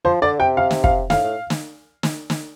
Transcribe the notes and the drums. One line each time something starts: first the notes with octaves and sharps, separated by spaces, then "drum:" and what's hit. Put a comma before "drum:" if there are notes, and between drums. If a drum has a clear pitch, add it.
F3 C5
D3 D5
C3 G5
F5
drum: snare
F5, drum: kick
A2 F5, drum: snare
A2
drum: snare
drum: snare
drum: snare